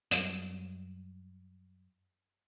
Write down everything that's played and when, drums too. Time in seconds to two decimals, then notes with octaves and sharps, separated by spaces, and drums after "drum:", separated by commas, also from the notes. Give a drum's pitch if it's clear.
0.11 F#2 F#3 G3, drum: hi-hat